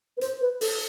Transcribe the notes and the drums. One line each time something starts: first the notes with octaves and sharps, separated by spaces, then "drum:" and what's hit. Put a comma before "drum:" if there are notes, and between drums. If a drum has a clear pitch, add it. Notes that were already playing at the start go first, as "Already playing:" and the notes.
B4
C5, drum: hi-hat
B4
A4, drum: open hi-hat